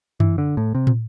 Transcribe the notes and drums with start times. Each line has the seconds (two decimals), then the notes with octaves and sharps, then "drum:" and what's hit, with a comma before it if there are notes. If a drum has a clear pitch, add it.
0.20 E3, drum: tom F#2
0.38 D3
0.57 A2
0.75 C3
0.87 drum: tom